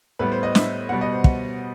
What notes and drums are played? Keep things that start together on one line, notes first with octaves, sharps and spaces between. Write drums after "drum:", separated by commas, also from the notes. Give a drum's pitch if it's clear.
A2 G3 B3 B4
C5
D#5
E5, drum: snare
B2 G3 B3 F#5
D#5
C5
F#5, drum: kick